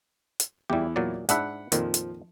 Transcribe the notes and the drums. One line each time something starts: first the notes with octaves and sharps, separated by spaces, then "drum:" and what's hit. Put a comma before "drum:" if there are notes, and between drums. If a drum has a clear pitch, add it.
drum: hi-hat
E2 G3 E4 G4
A#2 F#3 D5
G#2 D4 E5 F#5 B5 F#6, drum: hi-hat
F2 A#2 D#3 F3, drum: hi-hat
drum: hi-hat